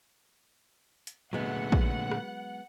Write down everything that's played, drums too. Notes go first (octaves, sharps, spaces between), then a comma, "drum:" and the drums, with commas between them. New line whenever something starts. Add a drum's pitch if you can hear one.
drum: hi-hat
A#2 D3 F#3 G#3 A3 B3 F#5
drum: kick A#1
drum: rim click